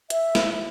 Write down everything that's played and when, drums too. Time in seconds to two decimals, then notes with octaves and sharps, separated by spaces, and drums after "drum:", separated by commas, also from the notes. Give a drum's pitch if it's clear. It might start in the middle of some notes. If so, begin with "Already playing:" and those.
0.10 E5, drum: hi-hat
0.35 drum: snare